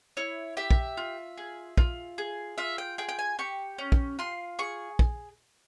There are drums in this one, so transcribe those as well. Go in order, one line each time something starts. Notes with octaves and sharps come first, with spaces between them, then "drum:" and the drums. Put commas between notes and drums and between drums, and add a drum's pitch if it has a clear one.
E4 C#5
G4 E5
drum: kick
F4
G#4
F4, drum: kick
G#4
F4 E5
G5
G#4 G5
G5
G#5
G4 C#6
C#4
drum: kick
F4 C6
G#4 C#6
drum: kick